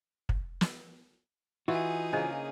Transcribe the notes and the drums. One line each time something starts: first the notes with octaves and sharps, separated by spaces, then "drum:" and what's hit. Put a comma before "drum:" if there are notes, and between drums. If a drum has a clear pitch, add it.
drum: kick
drum: snare
E3 D#4 F4 F#4 G#4
C#3 A#3 D4 C5 D#5